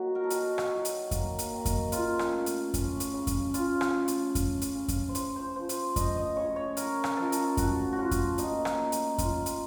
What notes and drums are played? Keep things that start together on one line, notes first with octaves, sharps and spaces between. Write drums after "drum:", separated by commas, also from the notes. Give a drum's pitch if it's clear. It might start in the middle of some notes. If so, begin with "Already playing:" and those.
Already playing: D#3 F#3 A#3 F#4
A#4
A4
D#3 F#4, drum: hi-hat
drum: rim click
F#3
drum: hi-hat
A#3, drum: kick F2, hi-hat
drum: hi-hat
D#3
drum: kick F2, hi-hat
C#3 F4, drum: hi-hat
drum: rim click
A3
drum: hi-hat
C#4, drum: kick F2, hi-hat
drum: hi-hat
C#3
drum: kick F2, hi-hat
C#3 F4, drum: hi-hat
drum: rim click
A3
drum: hi-hat
C#4, drum: kick F2, hi-hat
drum: hi-hat
C#3
drum: kick F2, hi-hat
C5
C#3 C#5, drum: hi-hat
C5
F3 C5
drum: hi-hat
A3 D#5, drum: kick F2, hi-hat
D#5
C#3 C#5
C#5
C#3 A#4, drum: hi-hat
drum: rim click
F3 A4
A#4
A4, drum: hi-hat
A3 F#4, drum: kick F2, hi-hat
F#4
C#3 F4
drum: kick F2, hi-hat
A#2 D#4, drum: hi-hat
drum: rim click
A3
drum: hi-hat
D#4 F4, drum: kick F2, hi-hat
drum: hi-hat